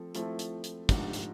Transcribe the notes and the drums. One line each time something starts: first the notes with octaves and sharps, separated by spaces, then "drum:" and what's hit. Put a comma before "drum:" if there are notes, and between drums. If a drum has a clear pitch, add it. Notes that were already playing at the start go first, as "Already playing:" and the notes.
Already playing: F3 A3 C4 A4
F3 A3 C4 E4 A4, drum: hi-hat
drum: hi-hat
drum: hi-hat
G#2 F3 A3 D4 G4, drum: kick, hi-hat
drum: hi-hat